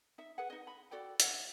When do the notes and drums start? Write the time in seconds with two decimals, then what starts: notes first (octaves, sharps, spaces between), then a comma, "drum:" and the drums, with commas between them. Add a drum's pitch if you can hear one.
0.18 D#4 E5
0.38 G#4 B4 F#5
0.50 D#4 D#5
0.67 B5
0.91 F#4 A4 D5 G5
1.20 C#5 E5 F#5, drum: hi-hat